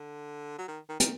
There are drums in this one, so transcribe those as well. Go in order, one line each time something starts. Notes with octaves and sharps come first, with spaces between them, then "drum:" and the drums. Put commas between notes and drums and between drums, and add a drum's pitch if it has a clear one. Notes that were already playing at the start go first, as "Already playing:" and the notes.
Already playing: D3
F#3
D#3
D#3
D#3, drum: hi-hat